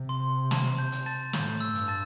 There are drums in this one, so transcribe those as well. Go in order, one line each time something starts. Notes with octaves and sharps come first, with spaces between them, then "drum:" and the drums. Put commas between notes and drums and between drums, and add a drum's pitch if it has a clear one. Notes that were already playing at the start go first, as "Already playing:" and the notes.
Already playing: C3
C6
A5, drum: snare
G6
drum: hi-hat
A5 A6
A2 G6, drum: snare
E6
G2, drum: hi-hat
A5 A6